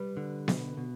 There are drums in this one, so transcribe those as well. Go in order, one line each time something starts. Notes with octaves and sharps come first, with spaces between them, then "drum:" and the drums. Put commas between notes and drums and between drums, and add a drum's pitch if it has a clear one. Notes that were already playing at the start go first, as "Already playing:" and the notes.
Already playing: G3 B4
D3
B2, drum: snare B3
B2